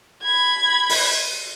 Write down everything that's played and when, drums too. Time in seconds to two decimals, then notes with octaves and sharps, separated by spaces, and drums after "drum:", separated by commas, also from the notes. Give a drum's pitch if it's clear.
0.23 B5 G#6
0.89 drum: open hi-hat